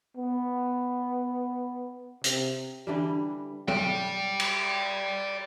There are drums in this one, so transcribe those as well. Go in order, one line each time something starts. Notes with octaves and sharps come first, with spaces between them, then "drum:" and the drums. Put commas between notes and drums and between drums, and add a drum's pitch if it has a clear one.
B3
C3, drum: hi-hat
D3 E3 G3
D5 G5, drum: tom F#3
drum: cymbal